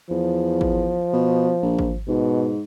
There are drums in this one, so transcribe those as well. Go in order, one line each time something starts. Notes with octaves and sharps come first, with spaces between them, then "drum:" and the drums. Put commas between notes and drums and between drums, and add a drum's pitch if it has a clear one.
E2 F3
drum: kick
B2
A#1
drum: kick
G#2 B2